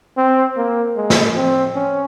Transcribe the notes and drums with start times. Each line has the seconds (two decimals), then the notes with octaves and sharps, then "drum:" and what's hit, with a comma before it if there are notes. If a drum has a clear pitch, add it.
0.17 C4
0.57 A#3
0.96 G#3
1.10 drum: snare
1.36 C4
1.75 C#4